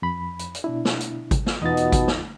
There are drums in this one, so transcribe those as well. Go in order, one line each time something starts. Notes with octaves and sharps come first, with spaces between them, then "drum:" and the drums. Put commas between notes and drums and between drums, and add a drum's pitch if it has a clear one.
F2 B5
drum: hi-hat
drum: hi-hat
B2 D4 E4
drum: snare
drum: hi-hat
drum: kick G#1, hi-hat
drum: snare
E2 B2 B3 D#4 F4 A6
drum: hi-hat
drum: kick G#1, hi-hat
drum: snare